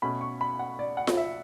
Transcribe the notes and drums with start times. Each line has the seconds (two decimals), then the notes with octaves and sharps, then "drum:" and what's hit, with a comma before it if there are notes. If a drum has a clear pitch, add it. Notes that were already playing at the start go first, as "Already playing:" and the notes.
0.02 B2 A3 C#4 B5
0.21 C#6
0.41 B5
0.59 F#5
0.79 D5
0.97 F#5
1.07 drum: snare F4
1.17 E5